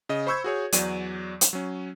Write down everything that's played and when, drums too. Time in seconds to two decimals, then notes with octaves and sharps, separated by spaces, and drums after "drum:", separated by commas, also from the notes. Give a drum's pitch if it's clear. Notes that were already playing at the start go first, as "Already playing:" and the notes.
0.09 C#3 D#5
0.27 C5 B5 C#6 E6 G6 G#6
0.44 F#4 G#4 C#5
0.72 E2 F#3 D5 D#7, drum: hi-hat
1.41 drum: hi-hat
1.53 F#3 C#4